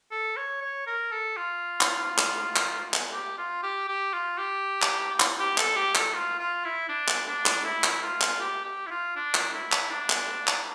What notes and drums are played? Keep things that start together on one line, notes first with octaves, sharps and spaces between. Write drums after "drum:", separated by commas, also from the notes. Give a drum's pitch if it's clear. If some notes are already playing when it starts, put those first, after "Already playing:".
A4
C#5
C#5
A#4
A4
F4
drum: clap
drum: clap
drum: clap
drum: clap
G4
F4
G4
G4
F4
G4
drum: clap
drum: clap
G4
A4, drum: clap
G4
A4, drum: clap
F4
F4
E4
D4
drum: clap
D4
drum: clap
E4
drum: clap
F4
drum: clap
G4
G4
E4
F4
D4
drum: clap
E4
drum: clap
D4
drum: clap
drum: clap